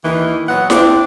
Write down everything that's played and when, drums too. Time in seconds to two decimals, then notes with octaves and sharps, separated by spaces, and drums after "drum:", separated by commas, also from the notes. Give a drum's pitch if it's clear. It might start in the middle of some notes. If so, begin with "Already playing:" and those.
0.04 D#2 D#3 E3
0.49 A#2 F#3 B3 F#5
0.70 C4 D4, drum: snare E4